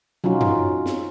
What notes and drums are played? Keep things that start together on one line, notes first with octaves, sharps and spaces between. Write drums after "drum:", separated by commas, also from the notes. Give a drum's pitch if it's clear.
F#3 C#4 D#4 F4 F#4, drum: tom
drum: tom F#2
drum: snare